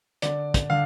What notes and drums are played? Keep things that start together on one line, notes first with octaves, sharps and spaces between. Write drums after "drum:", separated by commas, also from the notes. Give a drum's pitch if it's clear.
D3 D5, drum: hi-hat
drum: kick, hi-hat
D3 F5